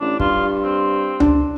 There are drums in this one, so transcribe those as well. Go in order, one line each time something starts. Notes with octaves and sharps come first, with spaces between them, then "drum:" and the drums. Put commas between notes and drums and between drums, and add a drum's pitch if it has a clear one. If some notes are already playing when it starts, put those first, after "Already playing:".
A1 D4
G2 F4, drum: kick
C4
D4, drum: tom C#2